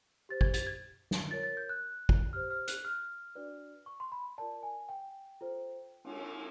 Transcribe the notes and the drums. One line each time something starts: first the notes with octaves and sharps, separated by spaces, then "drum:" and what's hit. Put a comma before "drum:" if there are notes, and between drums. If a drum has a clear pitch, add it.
G4 C5 A6
G#6, drum: kick
A6, drum: hi-hat
G#6
drum: snare
F4 A#4 C#5 A6
A6
G6
F#6
drum: kick
G4 C5 F6
F6
F#6, drum: hi-hat
F6
D4 F#4 B4 D5
C#6
C6
B5
F4 A#4 D5 A5
G#5
G5
F4 A4 C5
drum: cymbal